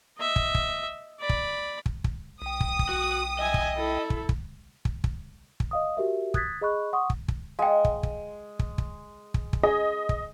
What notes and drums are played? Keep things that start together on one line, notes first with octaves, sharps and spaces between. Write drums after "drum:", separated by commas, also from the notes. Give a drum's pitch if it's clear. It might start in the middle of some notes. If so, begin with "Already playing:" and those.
D#5 E5
drum: kick
drum: kick
D5 B5
drum: kick
drum: kick
drum: kick
B1 G5 D#6
drum: kick
drum: kick
F#4
D#5 E5 G#5
drum: kick
E4 A4
drum: kick
drum: kick
drum: kick
drum: kick
drum: kick
D#5 F5 D#6
F#4 G4 A#4 E5
D#6 F#6 G#6 A6 B6, drum: kick
G#4 D#5 B5 C#6 F#6
F#5 C6 C#6 D#6
drum: kick
drum: kick
G#3 F5 G5
drum: kick
drum: kick
drum: kick
drum: kick
drum: kick
drum: kick
G#4 D#5
drum: kick